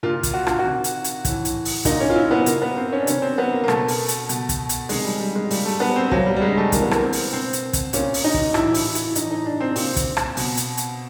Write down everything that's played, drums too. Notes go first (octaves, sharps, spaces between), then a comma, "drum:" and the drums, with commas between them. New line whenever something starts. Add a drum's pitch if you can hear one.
A#2 F4
drum: kick, hi-hat
F#4
F4, drum: rim click
C3 D#3 F#4
drum: hi-hat
drum: hi-hat
A2, drum: kick, hi-hat
E3
drum: hi-hat
drum: open hi-hat
A#2 D#4, drum: kick, hi-hat
C#4
F4
E4
B3
A#2 A#3, drum: hi-hat
B3
C4
C#4
D4
C3 D#3 C#4, drum: hi-hat
C4
B3
A#3
A#3
B2 A3, drum: rim click
drum: open hi-hat
drum: hi-hat
B2, drum: hi-hat
drum: kick, hi-hat
drum: hi-hat
C3 D#3 G#3, drum: open hi-hat
G3
G3
G#3
A#2 G3, drum: open hi-hat
A3
B3
C4
A#2 F#3, drum: kick
G3
G3
G#3
A3
C3 E3 A#3, drum: kick, hi-hat
B3
A#3, drum: rim click
C4
drum: open hi-hat
B2 C4
drum: hi-hat
drum: kick, hi-hat
A#2 C#4, drum: hi-hat
drum: open hi-hat
D#4
drum: kick
A2 E3 E4, drum: rim click
E4, drum: open hi-hat
E4, drum: hi-hat
A2 E3 D#4, drum: hi-hat
D#4
D4
C4
A#2 C4, drum: open hi-hat
drum: kick, hi-hat
drum: rim click
B2, drum: open hi-hat
drum: hi-hat
drum: hi-hat